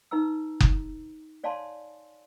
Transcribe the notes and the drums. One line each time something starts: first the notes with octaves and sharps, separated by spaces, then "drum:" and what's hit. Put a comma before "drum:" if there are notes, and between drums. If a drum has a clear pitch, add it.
D#4 B4 A#5 E6
drum: kick F#1
C#5 D5 F5 G#5 A5 C6